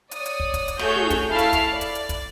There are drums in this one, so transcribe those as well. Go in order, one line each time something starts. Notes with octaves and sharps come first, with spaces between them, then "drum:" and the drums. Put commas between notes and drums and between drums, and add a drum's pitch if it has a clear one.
C#5 D5 D#6, drum: hi-hat
drum: hi-hat
drum: kick
drum: kick, hi-hat
drum: hi-hat
A3 F#4 G#4 C#5 G6, drum: snare
drum: tom
drum: kick, hi-hat
A3 E4 F5 A5 F6 C7
drum: hi-hat
drum: kick, hi-hat
D5
drum: hi-hat
drum: hi-hat
drum: kick, hi-hat